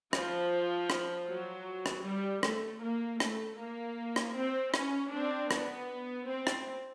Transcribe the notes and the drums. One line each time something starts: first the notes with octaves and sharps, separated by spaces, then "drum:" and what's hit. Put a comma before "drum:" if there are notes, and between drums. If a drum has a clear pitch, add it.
F3, drum: rim click
drum: rim click
F#3
drum: rim click
G3
A3, drum: rim click
A#3
A3, drum: rim click
A#3
drum: rim click
C4
C#4, drum: rim click
C4 D4
B3, drum: rim click
C4
drum: rim click